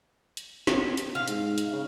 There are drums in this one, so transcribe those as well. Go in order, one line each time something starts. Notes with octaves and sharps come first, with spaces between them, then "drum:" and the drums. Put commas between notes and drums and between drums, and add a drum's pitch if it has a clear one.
drum: hi-hat
drum: snare
drum: hi-hat
F5
G#2, drum: hi-hat
drum: hi-hat
C#3